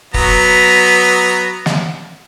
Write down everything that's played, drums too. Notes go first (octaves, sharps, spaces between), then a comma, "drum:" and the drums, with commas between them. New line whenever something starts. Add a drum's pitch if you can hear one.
F#3 B3 A#5, drum: kick
drum: snare